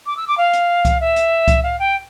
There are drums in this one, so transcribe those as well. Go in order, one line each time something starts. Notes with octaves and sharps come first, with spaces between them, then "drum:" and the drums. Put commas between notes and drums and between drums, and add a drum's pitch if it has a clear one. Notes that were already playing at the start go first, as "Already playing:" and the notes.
D6
E6
D6
F5
drum: hi-hat
drum: kick C2, hi-hat
E5
drum: hi-hat
drum: kick C2, hi-hat
F5
G5